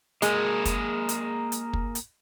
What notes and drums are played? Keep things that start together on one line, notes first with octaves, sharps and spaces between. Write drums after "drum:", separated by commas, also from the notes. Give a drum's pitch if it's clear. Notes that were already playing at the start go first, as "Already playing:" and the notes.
G#3 A#3 G#4 A#4, drum: hi-hat
drum: kick, hi-hat
drum: hi-hat
drum: hi-hat
drum: kick
drum: hi-hat